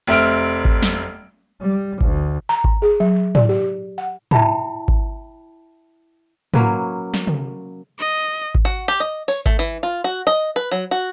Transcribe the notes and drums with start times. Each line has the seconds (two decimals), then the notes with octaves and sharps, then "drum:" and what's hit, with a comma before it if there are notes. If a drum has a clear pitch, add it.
0.07 F1 C4 E5 F6 D7
0.65 drum: kick G#1
0.82 drum: snare
1.61 G3
2.01 D2, drum: kick G#1
2.49 A#5
2.64 drum: kick G#1
2.82 G#4
3.00 F#3
3.35 D5, drum: tom
3.49 G4
3.98 F#5
4.31 E4 E5 G5 A5 B5, drum: tom
4.88 drum: kick G#1
6.54 F#3 A#3 C#4 B4, drum: tom
7.14 drum: snare
7.27 drum: tom
7.99 D#5
8.55 drum: kick G#1
8.65 F#4
8.88 G4
9.00 D#5
9.28 C#5, drum: tambourine
9.46 A3, drum: kick G#1
9.59 E3
9.83 F4
10.04 F#4
10.27 D#5
10.56 B4
10.72 F#3
10.91 F#4